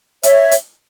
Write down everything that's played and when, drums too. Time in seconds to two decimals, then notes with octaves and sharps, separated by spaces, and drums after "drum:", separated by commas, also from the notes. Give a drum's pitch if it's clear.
0.23 C#5 E5, drum: hi-hat
0.51 drum: hi-hat